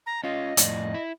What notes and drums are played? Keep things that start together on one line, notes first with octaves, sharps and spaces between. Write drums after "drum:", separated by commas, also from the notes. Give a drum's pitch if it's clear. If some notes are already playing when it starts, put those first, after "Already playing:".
A#5
C#4 F4 D#5
F2 A2 D5, drum: hi-hat
E4